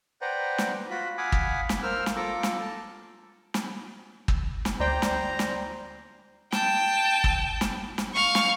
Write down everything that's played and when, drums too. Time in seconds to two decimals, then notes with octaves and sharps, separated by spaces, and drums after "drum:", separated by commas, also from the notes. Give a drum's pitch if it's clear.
0.21 B4 C5 D5 F#5 G5 A#5
0.58 drum: snare
0.90 F4 F#4 B5
1.18 F5 F#5 G#5 B5 D6 D#6
1.32 drum: kick
1.69 drum: snare
1.83 A#4 C5 F5 E6 F6
2.06 drum: snare
2.16 F4 A4 A#5 D6
2.43 drum: snare
2.60 A5
3.54 drum: snare
4.28 drum: kick
4.65 drum: snare
4.80 D2 C5 D5 G5 A#5
5.02 drum: snare
5.39 drum: snare
6.52 G5 A5, drum: snare
7.24 drum: kick
7.61 drum: snare
7.98 drum: snare
8.14 F5 C#6
8.35 drum: snare